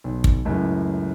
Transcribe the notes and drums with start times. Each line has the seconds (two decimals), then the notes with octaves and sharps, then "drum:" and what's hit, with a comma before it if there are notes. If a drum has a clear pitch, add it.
0.04 B1
0.24 drum: kick
0.45 C#2 F#2 A2